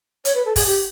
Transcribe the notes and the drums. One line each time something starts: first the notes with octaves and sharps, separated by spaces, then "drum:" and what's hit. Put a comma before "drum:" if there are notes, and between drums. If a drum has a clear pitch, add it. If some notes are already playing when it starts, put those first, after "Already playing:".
C#5, drum: hi-hat
B4
A4
G#4, drum: kick, open hi-hat
G4